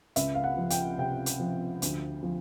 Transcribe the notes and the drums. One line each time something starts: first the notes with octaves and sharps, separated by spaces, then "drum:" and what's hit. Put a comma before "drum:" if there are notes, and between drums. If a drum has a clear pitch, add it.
C#2 E5, drum: hi-hat
F5
F#5
F3
G5, drum: hi-hat
C3 G5
drum: hi-hat
F3
D2, drum: hi-hat
F3